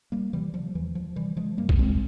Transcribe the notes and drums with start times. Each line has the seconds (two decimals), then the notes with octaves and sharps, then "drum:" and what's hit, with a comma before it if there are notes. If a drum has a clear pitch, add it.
0.12 G3 A#3
0.33 C3 E3 G3
0.54 F3
0.75 E2 E3
0.95 F3
1.16 C3 E3 G3
1.37 F3 G#3
1.57 G2 G3 A#3
1.69 drum: kick A#1
1.79 G#3 C4